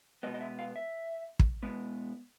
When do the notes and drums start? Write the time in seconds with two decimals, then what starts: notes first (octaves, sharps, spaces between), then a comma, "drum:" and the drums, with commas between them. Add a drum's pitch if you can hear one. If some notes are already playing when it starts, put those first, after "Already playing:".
0.23 B2 G#3 B3 D#5
0.34 D#5
0.41 E5
0.59 F5
0.76 E5
1.39 drum: kick
1.63 B2 G#3 B3